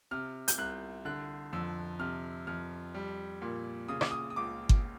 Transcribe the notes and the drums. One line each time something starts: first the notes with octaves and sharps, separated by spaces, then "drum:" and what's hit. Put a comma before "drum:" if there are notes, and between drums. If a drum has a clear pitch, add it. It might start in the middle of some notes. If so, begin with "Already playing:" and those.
C3 F6
G6, drum: hi-hat
C2 F#6
D3 F#6
F2 E6
C3 F6
F2 F6
G3
A#2
C#3 D#6
D6, drum: rim click
D#6
D#6
C#2 D6
drum: kick G1